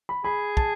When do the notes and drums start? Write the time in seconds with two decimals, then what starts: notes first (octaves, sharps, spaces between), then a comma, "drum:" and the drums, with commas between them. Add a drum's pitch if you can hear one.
0.09 B5
0.24 G#4 B5
0.57 A5, drum: kick